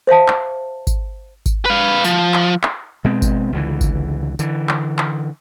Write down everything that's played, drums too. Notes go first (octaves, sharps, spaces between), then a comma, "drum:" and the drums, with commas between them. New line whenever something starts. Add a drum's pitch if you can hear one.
C5 E5 F5 A5
drum: clap
drum: kick G#1, tambourine
drum: kick G#1, tambourine
B4 F5
F3, drum: tambourine
drum: clap
drum: clap
B2 G#3 C4
drum: kick G#1, tambourine
C#2 D3 E3
drum: kick G#1, tambourine
D3 E3, drum: tambourine
drum: clap
drum: clap